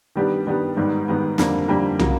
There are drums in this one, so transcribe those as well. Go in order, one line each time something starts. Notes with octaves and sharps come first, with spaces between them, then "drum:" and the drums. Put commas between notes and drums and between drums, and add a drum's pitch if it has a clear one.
D#3 G3 B3 D4 G4
D#3 G3 B3 D4 G4
G#2 D#3 G3 B3
G#2 D#3 G3 B3
F2 D3 G3 A#3, drum: snare
F2 D3 G3 A#3
C#3 F#3 A#3, drum: tom